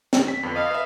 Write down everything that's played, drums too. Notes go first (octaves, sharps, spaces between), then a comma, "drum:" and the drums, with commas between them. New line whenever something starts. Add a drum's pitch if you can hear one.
drum: snare
B6
F2 D3 B3
D#5 F5
B4 E5